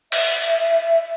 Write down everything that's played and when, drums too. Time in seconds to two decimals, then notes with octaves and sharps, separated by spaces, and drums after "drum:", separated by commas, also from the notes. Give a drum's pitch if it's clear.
0.12 E5, drum: cymbal